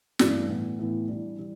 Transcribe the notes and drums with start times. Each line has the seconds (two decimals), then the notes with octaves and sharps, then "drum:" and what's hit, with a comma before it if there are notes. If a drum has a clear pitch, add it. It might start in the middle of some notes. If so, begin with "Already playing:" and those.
0.19 G2 E3 A3 D4, drum: snare
0.49 A2 E3 B3
0.79 A2 E3 B3
1.08 E3 G3 D4
1.38 E3 G3